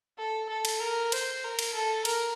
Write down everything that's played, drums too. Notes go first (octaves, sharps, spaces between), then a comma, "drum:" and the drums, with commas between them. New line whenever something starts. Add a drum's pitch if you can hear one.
A4
A4
drum: cymbal
A#4
C5, drum: cymbal
A#4
drum: cymbal
A4
A#4, drum: cymbal